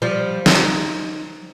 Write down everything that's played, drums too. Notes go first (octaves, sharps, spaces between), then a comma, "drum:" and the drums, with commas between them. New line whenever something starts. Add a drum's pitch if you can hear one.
F3 G3
D#4, drum: snare